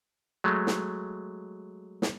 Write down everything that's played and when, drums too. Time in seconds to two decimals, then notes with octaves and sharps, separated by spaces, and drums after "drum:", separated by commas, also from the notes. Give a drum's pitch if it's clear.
0.44 F#3 G#3 A3
0.67 drum: snare
2.02 drum: snare